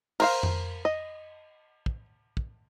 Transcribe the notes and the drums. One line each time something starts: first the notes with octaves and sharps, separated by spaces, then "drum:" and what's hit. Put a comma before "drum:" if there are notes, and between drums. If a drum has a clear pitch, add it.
A#4 C5 F5, drum: cymbal
drum: tom F2
D#5
drum: kick
drum: kick